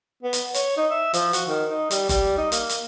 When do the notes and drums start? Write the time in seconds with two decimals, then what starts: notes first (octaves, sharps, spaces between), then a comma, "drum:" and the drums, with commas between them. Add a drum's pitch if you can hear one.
0.23 B3
0.33 drum: hi-hat
0.54 C#5, drum: hi-hat
0.77 D#4
0.90 E5
1.13 F3, drum: hi-hat
1.33 F#4, drum: hi-hat
1.47 D#3
1.70 D#4
1.91 G3, drum: hi-hat
2.09 G3, drum: kick F#1, hi-hat
2.37 D#4
2.52 A#3, drum: hi-hat
2.69 drum: hi-hat